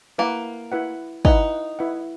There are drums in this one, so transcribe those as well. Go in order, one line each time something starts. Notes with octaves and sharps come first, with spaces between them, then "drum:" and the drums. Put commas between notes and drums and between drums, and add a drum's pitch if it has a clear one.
A#3 E4 B4 F#5
E4 B4 F#5
D#4 E4 B4 F#5, drum: kick
E4 B4 F#5